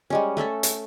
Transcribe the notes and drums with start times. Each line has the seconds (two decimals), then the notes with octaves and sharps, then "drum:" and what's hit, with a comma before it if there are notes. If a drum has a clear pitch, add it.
0.10 G3 G#3 C#4
0.37 A3 C#4 A4 E5
0.63 drum: hi-hat